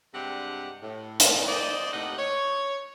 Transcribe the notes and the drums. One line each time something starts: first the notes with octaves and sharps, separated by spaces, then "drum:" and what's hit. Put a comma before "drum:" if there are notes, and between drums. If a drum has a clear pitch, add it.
G2 C3 G#3 D4 G4 F#5
A2
drum: hi-hat
C5 D5 D#5
D#2 A2 C3 D#4 D#5 F#5
C#5